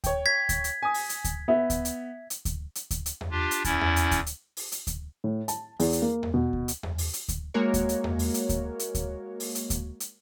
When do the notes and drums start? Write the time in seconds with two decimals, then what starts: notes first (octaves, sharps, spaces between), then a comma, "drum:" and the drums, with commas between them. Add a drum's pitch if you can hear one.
0.04 C#5 G5, drum: kick D2, hi-hat
0.26 G#6 B6
0.49 drum: kick D2, hi-hat
0.64 drum: hi-hat
0.83 G#5 D#6
0.94 drum: open hi-hat
1.09 drum: hi-hat
1.24 drum: kick D2, hi-hat
1.48 B3 E5
1.70 drum: kick D2, hi-hat
1.85 drum: hi-hat
2.30 drum: hi-hat
2.45 drum: kick D2, hi-hat
2.75 drum: hi-hat
2.91 drum: kick D2, hi-hat
3.06 drum: hi-hat
3.21 drum: tom E2
3.31 D4 F4 G4
3.51 drum: hi-hat
3.64 E2 C#4 E4 A6, drum: kick D2, hi-hat
3.81 drum: tom E2
3.96 drum: hi-hat
4.11 drum: kick D2, hi-hat
4.26 drum: hi-hat
4.57 drum: open hi-hat
4.72 drum: hi-hat
4.87 drum: kick D2, hi-hat
5.24 A2
5.48 A5, drum: hi-hat
5.80 E2, drum: open hi-hat
5.93 drum: hi-hat
6.02 A#3
6.23 drum: tom E2
6.34 B2
6.53 drum: kick D2
6.68 drum: hi-hat
6.83 drum: tom E2
6.98 drum: open hi-hat
7.13 drum: hi-hat
7.28 drum: kick D2, hi-hat
7.54 G#3 A#3 F#4 A#4 C#5
7.74 drum: kick D2, hi-hat
7.89 drum: hi-hat
8.04 drum: tom E2
8.19 drum: open hi-hat
8.34 drum: hi-hat
8.49 drum: kick D2, hi-hat
8.79 drum: hi-hat
8.95 drum: kick D2, hi-hat
9.40 drum: open hi-hat
9.55 drum: hi-hat
9.70 drum: kick D2, hi-hat
10.00 drum: hi-hat